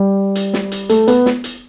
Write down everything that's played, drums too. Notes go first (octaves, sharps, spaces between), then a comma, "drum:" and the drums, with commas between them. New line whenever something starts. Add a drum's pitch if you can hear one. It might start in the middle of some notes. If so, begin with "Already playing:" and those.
Already playing: G3
drum: hi-hat
drum: snare
drum: hi-hat
A3, drum: hi-hat
B3, drum: hi-hat
drum: snare
drum: hi-hat